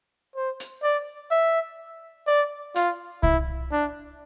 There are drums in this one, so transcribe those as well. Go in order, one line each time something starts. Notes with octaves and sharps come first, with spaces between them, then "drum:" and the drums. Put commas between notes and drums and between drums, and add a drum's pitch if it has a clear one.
C5
drum: hi-hat
D5
E5
D5
F4, drum: hi-hat
E4, drum: kick C2
D4